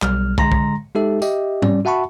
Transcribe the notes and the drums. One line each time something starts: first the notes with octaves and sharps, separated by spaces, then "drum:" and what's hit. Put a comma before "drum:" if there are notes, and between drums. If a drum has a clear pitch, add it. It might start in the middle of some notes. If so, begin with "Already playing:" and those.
B1 G3 F6, drum: clap
D3 G#3 A#5 C6 A#6, drum: kick
drum: kick
G#3 D#4 G4 A4 E5
G4 D#5 E5, drum: tambourine
G3 C#4 D5, drum: tom G#2
F#4 E5 F#5 A5 B5 C#6